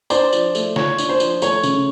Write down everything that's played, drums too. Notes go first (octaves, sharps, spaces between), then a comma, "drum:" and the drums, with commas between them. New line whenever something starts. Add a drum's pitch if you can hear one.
D4 C5 D5, drum: tambourine
F3, drum: tambourine
A3, drum: tambourine
F4 C#5, drum: snare
D4, drum: tambourine
C5
F3, drum: tambourine
A3 C#5, drum: tambourine
C#3, drum: tambourine